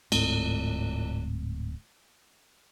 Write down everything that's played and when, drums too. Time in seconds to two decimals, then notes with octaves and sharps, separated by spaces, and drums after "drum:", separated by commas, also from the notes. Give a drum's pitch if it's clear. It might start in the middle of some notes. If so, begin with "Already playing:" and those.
0.12 D1 G#2 A3 C4, drum: cymbal